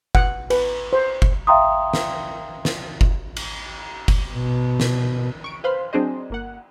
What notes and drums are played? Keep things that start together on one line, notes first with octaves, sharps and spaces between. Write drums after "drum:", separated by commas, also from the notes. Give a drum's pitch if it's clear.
F#5, drum: kick F#1
B4, drum: cymbal
C5
drum: kick F#1
E5 F5 G5 A#5 C6 D#6
drum: snare
drum: snare
drum: kick F#1
drum: cymbal
drum: kick F#1, cymbal
B2
drum: snare
C#6 D7
B4 C5 F5 B5 C6
F#3 C4 D4 G#4 C5 D#5
G1 A#3 F#5